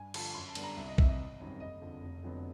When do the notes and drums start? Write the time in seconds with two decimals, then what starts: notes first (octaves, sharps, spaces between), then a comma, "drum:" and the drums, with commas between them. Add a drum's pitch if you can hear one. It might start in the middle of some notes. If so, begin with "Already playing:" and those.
Already playing: G2 G#5
0.14 D3 F3 A5, drum: cymbal
0.34 F#2 C6
0.48 A5
0.55 D3 G3 B3 D4, drum: cymbal
0.64 A#5
0.76 C2 E5
0.88 D#5
0.98 C3 E3 E5, drum: kick
1.08 D#5
1.19 G#1
1.40 F#2 D#3 G3 C4
1.60 F#1 D#5
1.81 F2 D3
2.02 F1
2.24 F2 D3 F#3 B3